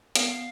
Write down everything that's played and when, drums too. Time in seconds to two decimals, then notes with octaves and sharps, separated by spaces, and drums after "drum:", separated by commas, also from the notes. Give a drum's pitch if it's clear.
0.15 B3 F5, drum: hi-hat